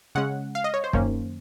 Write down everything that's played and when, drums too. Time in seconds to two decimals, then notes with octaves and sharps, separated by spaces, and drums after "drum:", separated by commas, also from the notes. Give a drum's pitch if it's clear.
0.15 C#3 G#3 C#4 F#5
0.55 F5
0.64 D#5
0.74 C#5
0.84 C5
0.93 F#2 D#3 A#3 C#4, drum: kick